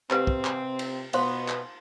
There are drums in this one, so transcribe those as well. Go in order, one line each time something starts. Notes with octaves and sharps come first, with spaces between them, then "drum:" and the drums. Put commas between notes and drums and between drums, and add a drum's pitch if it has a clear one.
C3 C4 G4 B4 F5, drum: clap
drum: kick
drum: clap
drum: cymbal
B2 B3 C5 F5 C6, drum: cymbal
drum: clap